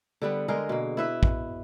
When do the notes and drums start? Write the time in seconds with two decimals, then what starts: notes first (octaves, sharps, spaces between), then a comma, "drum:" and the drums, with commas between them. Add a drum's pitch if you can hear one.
0.22 D3 G3 B3
0.48 D3 G#3 G#4 A#4
0.69 B2 A#3
0.97 E4 B4 E5
1.23 drum: kick